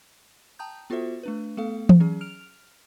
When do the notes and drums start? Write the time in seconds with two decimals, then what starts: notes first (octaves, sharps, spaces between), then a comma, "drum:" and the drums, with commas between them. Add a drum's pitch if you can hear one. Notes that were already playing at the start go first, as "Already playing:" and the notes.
0.59 G5 A5 A#5 D#6 G6
0.90 B3 F4 F#4 A4 C5 E5
1.23 A3 D4 B4
1.57 A3 B3 A4 F5
1.89 drum: tom E3
2.00 F#3 C#4 G#4
2.21 F6 D7 F7